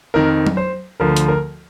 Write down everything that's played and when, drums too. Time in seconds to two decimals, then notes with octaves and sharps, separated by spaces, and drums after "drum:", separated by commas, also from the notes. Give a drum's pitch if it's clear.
0.14 F2 D#3 A#4
0.47 drum: tom F#3
0.57 C5
1.00 D2 D3 F3 A#4
1.16 drum: hi-hat
1.28 A#4